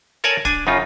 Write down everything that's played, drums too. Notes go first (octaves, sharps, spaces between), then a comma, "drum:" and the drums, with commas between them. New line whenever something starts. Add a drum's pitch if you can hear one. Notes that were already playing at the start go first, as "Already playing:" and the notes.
A4 A#4 C#5 D5 G#5 A5, drum: hi-hat
D4 G#5, drum: kick, hi-hat
F#2 C#3 D#4 F4